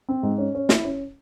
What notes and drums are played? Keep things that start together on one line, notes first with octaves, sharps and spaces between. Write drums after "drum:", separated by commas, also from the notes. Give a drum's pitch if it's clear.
C4
G#2
C#4
C#4
E4, drum: snare
C#4